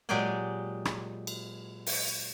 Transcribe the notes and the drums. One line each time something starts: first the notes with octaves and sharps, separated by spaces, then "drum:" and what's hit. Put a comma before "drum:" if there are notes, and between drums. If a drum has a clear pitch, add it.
A#2 F#3 G#3 G4 G#4 G#5
drum: rim click
drum: cymbal
drum: open hi-hat